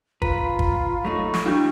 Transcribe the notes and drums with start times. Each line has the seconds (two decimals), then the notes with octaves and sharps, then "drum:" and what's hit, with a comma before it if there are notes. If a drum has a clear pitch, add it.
0.22 F4 B4 A#5 B5, drum: kick G1
0.59 drum: kick G1
1.05 F#3 A3 D#4 C#6
1.34 drum: snare
1.46 D4 E4 F#4 G6